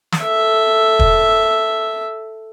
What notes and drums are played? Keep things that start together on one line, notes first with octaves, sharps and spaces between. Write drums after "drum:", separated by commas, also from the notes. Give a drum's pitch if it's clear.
drum: snare
A4 E5
drum: kick